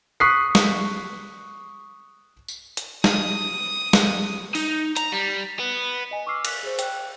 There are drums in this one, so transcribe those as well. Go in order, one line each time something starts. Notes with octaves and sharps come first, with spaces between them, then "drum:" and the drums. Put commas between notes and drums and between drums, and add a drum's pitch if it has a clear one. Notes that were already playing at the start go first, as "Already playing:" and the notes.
C#6 D#6 F#6 B6 C7
drum: snare
drum: tambourine
drum: hi-hat
D#6, drum: snare
drum: snare
D#4, drum: open hi-hat
A#5, drum: hi-hat
G3
B3
D#5 G#5
C#6 D6 E6 F6 C7
G#5 F#6 B6, drum: cymbal
G#4 C5
G5 F#6, drum: hi-hat